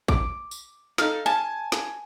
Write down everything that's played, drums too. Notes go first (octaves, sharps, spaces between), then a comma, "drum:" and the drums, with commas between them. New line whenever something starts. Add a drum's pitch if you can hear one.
D6, drum: kick
drum: tambourine
D#4 A4 F5, drum: snare
G#5 A5
drum: snare